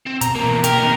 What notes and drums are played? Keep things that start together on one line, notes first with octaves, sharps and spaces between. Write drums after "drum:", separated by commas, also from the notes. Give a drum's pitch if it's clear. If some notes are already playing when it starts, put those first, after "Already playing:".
C4
B2 A#5, drum: hi-hat
E2 A#3
B3
G4 A#4, drum: hi-hat
F2 D#3